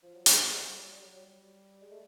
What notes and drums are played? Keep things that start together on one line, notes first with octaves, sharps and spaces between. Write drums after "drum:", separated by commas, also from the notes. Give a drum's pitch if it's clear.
F3
F#3
G3, drum: hi-hat
G#3
A3
G3
F#3
G3
F#3
G3
G#3
A3